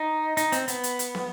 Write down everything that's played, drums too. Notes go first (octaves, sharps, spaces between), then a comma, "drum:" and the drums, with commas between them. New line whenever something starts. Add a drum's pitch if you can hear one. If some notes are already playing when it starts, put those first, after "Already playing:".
Already playing: D#4
D#4, drum: hi-hat
C4, drum: hi-hat
B3, drum: hi-hat
drum: hi-hat
drum: hi-hat
drum: snare